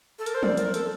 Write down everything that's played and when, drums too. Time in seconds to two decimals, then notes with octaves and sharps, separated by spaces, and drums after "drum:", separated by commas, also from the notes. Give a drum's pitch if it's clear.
0.19 A4
0.26 A#4, drum: hi-hat
0.34 C5
0.43 D5, drum: tom
0.57 A#4, drum: hi-hat
0.74 A4, drum: hi-hat